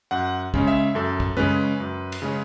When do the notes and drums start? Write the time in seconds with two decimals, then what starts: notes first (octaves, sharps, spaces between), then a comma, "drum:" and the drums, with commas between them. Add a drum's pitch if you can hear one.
0.11 F#2 F#5
0.54 C#3 G#3 C#4, drum: kick
0.67 E5
0.95 F#2 A4
1.20 drum: kick
1.37 C#3 G#3 C#4 B4, drum: tom F#2
1.80 F#2
2.12 drum: cymbal
2.22 C#3 G#3 C#4